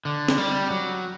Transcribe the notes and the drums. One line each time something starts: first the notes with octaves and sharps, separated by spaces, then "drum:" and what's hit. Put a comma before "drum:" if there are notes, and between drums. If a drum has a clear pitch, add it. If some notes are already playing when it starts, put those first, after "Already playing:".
D3
drum: snare
G3
F#3